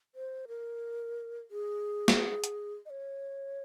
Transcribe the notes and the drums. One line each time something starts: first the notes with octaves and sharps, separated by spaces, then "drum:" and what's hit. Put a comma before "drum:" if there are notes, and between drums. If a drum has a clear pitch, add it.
C5
A#4
G#4
drum: snare
drum: hi-hat
D#5
C#5